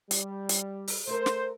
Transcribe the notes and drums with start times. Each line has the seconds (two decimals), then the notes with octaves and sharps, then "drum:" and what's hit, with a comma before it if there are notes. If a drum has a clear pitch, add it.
0.11 G3, drum: hi-hat
0.49 drum: hi-hat
0.88 drum: open hi-hat
1.07 A3 A#4 C5
1.26 drum: snare